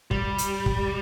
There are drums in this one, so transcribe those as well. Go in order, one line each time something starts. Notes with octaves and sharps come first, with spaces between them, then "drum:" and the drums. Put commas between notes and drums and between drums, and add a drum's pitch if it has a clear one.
G3, drum: kick
drum: hi-hat
drum: kick